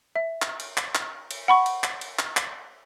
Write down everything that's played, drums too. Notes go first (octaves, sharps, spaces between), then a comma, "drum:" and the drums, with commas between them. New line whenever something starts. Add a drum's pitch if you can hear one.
E5
drum: clap
drum: cymbal
drum: clap
drum: clap
drum: cymbal
F#5 B5 C#6
drum: cymbal
drum: clap
drum: cymbal
drum: clap
drum: clap